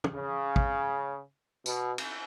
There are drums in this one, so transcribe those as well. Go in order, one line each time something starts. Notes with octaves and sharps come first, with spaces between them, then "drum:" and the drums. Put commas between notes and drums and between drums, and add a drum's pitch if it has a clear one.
drum: tom
C#3
drum: kick
B2, drum: tambourine
drum: cymbal